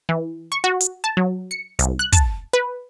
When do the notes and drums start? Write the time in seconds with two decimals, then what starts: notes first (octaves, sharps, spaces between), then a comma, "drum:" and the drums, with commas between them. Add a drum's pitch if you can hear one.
0.09 E3
0.52 C#6
0.64 F#4
0.81 drum: hi-hat
1.04 A5
1.17 F#3
1.51 C#7
1.79 C2, drum: hi-hat
1.99 F#6
2.12 A5, drum: kick, hi-hat
2.53 B4